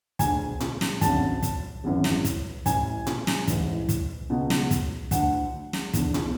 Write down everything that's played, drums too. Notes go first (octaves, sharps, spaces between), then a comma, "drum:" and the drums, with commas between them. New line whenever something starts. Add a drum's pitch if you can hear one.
E1 D2 D3 G#5, drum: kick, hi-hat
drum: tom A#2
drum: snare
G#1 F#2 D3 A5, drum: kick, hi-hat
drum: kick, hi-hat
G#1 F#2 E3
drum: snare
drum: kick, hi-hat
A1 A2 E3 G#5, drum: kick, hi-hat
drum: tom A#2
drum: snare
A1 G#2 E3, drum: kick, hi-hat
drum: kick, hi-hat
C#2 B2
drum: snare
drum: kick, hi-hat
D2 D3 F#5, drum: kick, hi-hat
drum: snare
E1 E2 D3, drum: kick, hi-hat
drum: tom A#2